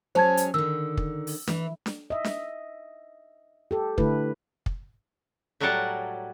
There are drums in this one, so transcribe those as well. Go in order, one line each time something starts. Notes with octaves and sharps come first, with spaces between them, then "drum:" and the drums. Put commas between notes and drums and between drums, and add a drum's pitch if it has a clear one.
F#3 G#3 C#4 C5 A5 G#6
drum: hi-hat
D3 D#3 E6
drum: kick
drum: open hi-hat
E3, drum: snare D4
drum: snare D4
D#5 E5
drum: snare D4
G4 A4
D3 A3 E4 B4, drum: kick
drum: kick
A2 F#3 G3 A#4 F#5 A5